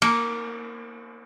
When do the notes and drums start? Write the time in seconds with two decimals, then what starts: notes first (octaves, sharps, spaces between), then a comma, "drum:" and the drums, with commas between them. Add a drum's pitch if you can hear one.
0.02 A#3, drum: cymbal